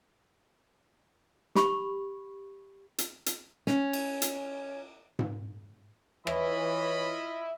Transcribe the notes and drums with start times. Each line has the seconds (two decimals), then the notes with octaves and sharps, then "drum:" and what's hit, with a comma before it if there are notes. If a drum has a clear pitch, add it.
1.55 G4 B5 C#6, drum: snare
2.98 drum: hi-hat
3.26 drum: hi-hat
3.67 C#4, drum: snare
3.93 drum: cymbal
4.22 drum: hi-hat
5.19 drum: tom G#2
6.27 E3 E4 F4 C#5 D#5 B5, drum: rim click